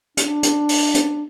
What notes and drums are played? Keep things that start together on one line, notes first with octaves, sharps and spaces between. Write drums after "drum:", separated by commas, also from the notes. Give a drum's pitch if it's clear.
D4, drum: hi-hat
drum: hi-hat
drum: open hi-hat
drum: hi-hat